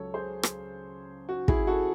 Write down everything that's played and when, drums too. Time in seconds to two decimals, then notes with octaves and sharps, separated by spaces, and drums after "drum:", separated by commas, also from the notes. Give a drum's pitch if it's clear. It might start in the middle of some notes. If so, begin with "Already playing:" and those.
Already playing: C#2 C#3 F#3 A4 C#5
0.14 G#4 C5
0.43 drum: rim click
1.29 F#4
1.48 E4 G#4, drum: kick
1.67 F#4 A4